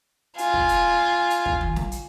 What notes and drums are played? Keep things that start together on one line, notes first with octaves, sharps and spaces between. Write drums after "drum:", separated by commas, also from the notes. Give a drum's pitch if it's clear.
F4 G#5, drum: hi-hat
drum: kick
drum: hi-hat
drum: hi-hat
drum: kick
drum: tom
drum: snare
drum: hi-hat